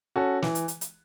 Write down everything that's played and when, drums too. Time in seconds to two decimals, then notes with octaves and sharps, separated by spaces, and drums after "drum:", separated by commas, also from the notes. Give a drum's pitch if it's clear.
0.16 C#4 F#4 A4
0.42 E3, drum: snare
0.55 drum: hi-hat
0.68 drum: hi-hat
0.81 drum: hi-hat